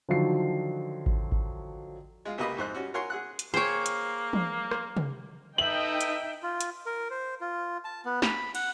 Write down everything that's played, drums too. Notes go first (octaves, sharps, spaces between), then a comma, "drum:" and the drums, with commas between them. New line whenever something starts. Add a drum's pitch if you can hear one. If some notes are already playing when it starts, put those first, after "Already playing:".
D3 D#3 F3 F#3 C7
drum: kick G#1
drum: kick G#1
G#3 F4
C#2 C3 A#3 B4 D#5 B5
F2 G#2 C5 F#6
G3 C#4 F#4
A#4 C#5 F#5 G#5 C6
G#4 F#5 F#6
drum: hi-hat
A#3 G#4 C5 C#5 G5
drum: hi-hat
drum: tom E3
drum: rim click
drum: tom
D#4 A4 B4 D#5 E5 G5 F#7
drum: hi-hat
F4
drum: hi-hat
A#4
C5
F4
A5
B3
B5, drum: snare
F#5, drum: cymbal